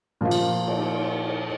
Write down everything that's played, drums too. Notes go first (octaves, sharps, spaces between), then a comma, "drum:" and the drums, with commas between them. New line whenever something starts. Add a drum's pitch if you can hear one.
A#2 F3 A#3 F4
drum: cymbal
drum: cymbal